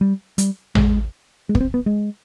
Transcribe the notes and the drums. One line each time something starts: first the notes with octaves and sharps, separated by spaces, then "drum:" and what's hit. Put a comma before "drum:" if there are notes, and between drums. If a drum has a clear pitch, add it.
G3
G3, drum: hi-hat
G#3, drum: tom A1
G#3
B3, drum: kick
C4
B3
G#3